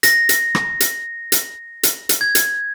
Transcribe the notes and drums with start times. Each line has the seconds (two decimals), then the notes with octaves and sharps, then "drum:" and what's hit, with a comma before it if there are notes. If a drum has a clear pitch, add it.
0.03 A#6, drum: hi-hat
0.29 drum: hi-hat
0.55 drum: rim click
0.80 drum: hi-hat
1.32 drum: hi-hat
1.83 drum: hi-hat
2.09 drum: hi-hat
2.21 G#6
2.35 drum: hi-hat